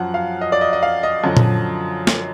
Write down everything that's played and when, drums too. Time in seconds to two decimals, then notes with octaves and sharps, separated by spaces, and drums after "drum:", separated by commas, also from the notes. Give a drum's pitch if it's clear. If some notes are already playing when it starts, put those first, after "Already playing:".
Already playing: F#2 F3 F#5
0.14 F5
0.41 D#5
0.52 D5
0.61 D#5
0.73 D#5
0.83 F5
1.03 D#5
1.24 F#2 D3 F3
1.37 drum: tom A#2
2.07 drum: snare